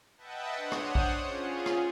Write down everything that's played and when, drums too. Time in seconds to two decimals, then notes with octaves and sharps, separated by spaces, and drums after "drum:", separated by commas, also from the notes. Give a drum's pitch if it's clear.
0.18 B4 D#5 E5 F#5 G5 A5
0.57 D4 C5 C#5 F#5 D#6
0.72 drum: rim click
0.95 drum: kick A#1
1.19 C#4 F4 G#4
1.66 drum: rim click